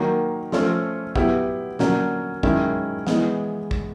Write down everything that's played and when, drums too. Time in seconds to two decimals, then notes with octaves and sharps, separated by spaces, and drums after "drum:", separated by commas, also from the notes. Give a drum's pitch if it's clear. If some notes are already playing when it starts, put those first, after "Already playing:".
Already playing: D#3 F#3 A#3
0.52 F3 A3 C#4 F4 A4, drum: snare
1.16 F#3 B3 E4 G4, drum: kick
1.79 D3 F#3 A#3 C#4, drum: snare
2.43 F#2 D#3 G#3 C#4 E4, drum: kick
3.07 E3 G#3 B3, drum: snare
3.71 drum: kick